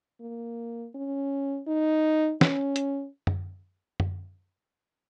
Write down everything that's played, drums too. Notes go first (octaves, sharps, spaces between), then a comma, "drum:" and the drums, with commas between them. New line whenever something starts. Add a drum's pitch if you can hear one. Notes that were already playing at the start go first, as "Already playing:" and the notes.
A#3
C#4
D#4
C#4, drum: snare
drum: hi-hat
drum: tom F#2
drum: tom F#2